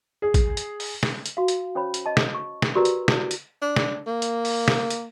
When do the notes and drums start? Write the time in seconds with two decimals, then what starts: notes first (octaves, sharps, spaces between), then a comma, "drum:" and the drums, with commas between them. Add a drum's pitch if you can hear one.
0.22 G#4
0.34 drum: kick, hi-hat
0.57 drum: hi-hat
0.80 drum: open hi-hat
1.03 drum: snare
1.26 drum: hi-hat
1.37 F#4 F5
1.48 drum: hi-hat
1.75 C#4 C5 C#5 B5
1.94 drum: hi-hat
2.06 D#5 A5
2.17 drum: snare
2.34 C#6
2.62 drum: snare
2.75 F#4 G4 A#4 B4 D5 A#5
2.85 drum: hi-hat
3.08 E4 D5, drum: snare
3.31 drum: hi-hat
3.62 D4
3.76 drum: snare
4.07 A#3
4.22 drum: hi-hat
4.45 drum: open hi-hat
4.68 drum: snare
4.90 drum: hi-hat